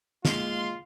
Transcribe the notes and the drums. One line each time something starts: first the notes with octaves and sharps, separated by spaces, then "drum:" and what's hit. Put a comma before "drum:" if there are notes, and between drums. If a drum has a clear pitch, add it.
G#3 A#3 F4 F5 C6, drum: snare